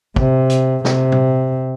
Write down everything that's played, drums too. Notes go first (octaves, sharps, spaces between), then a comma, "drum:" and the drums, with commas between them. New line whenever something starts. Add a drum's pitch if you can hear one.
C3, drum: kick
drum: hi-hat
C3, drum: snare
drum: tom